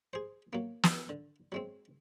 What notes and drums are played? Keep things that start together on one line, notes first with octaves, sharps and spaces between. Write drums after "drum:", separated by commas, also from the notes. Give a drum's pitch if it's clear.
G#4 C5
F#3 A#3
drum: snare
D3
F#3 G#3 C4